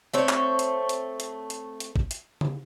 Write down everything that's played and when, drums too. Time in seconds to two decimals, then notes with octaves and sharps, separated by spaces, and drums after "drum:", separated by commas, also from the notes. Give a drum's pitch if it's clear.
0.13 A3 C4 C#5
0.29 drum: clap
0.59 drum: hi-hat
0.89 drum: hi-hat
1.20 drum: hi-hat
1.50 drum: hi-hat
1.80 drum: hi-hat
1.96 drum: kick
2.11 drum: hi-hat
2.41 drum: tom C#3